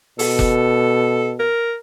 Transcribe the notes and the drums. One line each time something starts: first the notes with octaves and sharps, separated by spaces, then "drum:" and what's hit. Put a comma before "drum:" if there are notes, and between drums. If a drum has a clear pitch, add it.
B2 A4, drum: open hi-hat
drum: kick F1
A#4